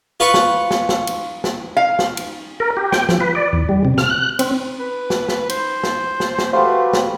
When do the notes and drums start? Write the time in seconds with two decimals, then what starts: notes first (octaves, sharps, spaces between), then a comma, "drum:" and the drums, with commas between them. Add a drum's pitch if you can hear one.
0.20 F4 B4 F#5 B5 C#6
0.34 drum: snare
0.71 drum: snare
0.89 drum: snare
1.07 drum: cymbal
1.44 drum: snare
1.77 F5
1.99 drum: snare
2.17 drum: cymbal
2.60 A#4
2.77 G4
2.92 G5, drum: snare
3.09 F3, drum: snare
3.20 B4
3.35 D5
3.53 E2
3.69 G3
3.85 C3
3.98 F6, drum: snare
4.10 F#6
4.39 C4, drum: cymbal
4.80 B4
5.10 drum: snare
5.29 drum: snare
5.50 C5, drum: cymbal
5.84 drum: snare
6.20 drum: snare
6.38 drum: snare
6.53 A3 F#4 G4 B4 C5 F5 C6
6.93 drum: snare